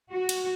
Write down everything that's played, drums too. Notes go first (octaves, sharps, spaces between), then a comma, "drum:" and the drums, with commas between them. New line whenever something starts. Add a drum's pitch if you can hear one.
F#4
drum: cymbal